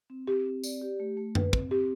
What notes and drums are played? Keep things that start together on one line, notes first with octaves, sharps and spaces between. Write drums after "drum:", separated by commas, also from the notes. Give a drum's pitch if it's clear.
C4
C4 G4
C4
D5, drum: tambourine
G4
A3
A3
B4, drum: tom F#2
C4, drum: kick
C4 G4